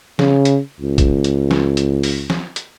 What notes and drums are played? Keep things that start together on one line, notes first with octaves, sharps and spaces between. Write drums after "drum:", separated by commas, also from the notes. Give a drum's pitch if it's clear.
C#3, drum: snare
drum: hi-hat
C#2
drum: kick, hi-hat
drum: hi-hat
drum: snare
drum: hi-hat
drum: open hi-hat
drum: snare
drum: hi-hat